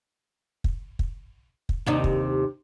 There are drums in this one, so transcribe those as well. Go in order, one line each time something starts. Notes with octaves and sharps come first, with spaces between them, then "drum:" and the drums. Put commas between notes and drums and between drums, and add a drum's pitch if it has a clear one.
drum: kick
drum: kick
drum: kick
D#2 C3 D#4
drum: kick